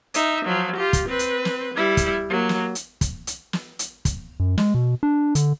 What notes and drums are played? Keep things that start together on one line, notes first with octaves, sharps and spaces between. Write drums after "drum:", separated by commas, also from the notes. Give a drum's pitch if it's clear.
D#4 E5, drum: hi-hat
F3 F#3
F4 G4
drum: kick, hi-hat
C4 B4
drum: hi-hat
drum: snare
G3 E4
drum: kick, hi-hat
F#3 A#3
drum: snare
drum: hi-hat
drum: kick, hi-hat
drum: hi-hat
drum: snare
drum: hi-hat
drum: kick, hi-hat
F#2
G#3, drum: snare
B2
D4
D3, drum: hi-hat